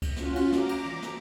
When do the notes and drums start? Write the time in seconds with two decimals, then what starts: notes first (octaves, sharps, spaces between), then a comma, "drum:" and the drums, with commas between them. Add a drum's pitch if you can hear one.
0.02 drum: kick C#2, cymbal
0.16 C#4 F4 F#4, drum: snare
0.35 drum: cymbal
0.52 A#5 D6, drum: snare
0.69 drum: cymbal
0.86 drum: tom
1.02 drum: snare